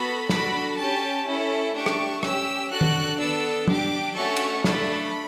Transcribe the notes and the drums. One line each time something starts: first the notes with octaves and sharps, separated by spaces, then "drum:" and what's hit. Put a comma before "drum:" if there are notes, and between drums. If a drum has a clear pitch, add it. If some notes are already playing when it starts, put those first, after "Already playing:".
Already playing: B3 F#4 A4 B5
D4 F#4 A4 B5, drum: snare
C#4 G4 A5
C#4 E4 A4
A3 D4 G4 C#6
drum: rim click
C#4 G4 E6, drum: rim click
D4 F#4 A4 F#6
drum: tom D#3
B3 D4 A4 E6
D4 G4 D6, drum: tom
A3 C#4 F#4 A4 C#6
drum: cymbal
A3 D4 A4 B5, drum: snare